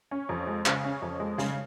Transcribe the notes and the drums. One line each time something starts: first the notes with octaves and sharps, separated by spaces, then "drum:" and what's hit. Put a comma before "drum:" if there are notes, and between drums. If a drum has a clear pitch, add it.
C#4
F2
G#3
C#3, drum: clap
C#4
F2
G#3
C#3, drum: snare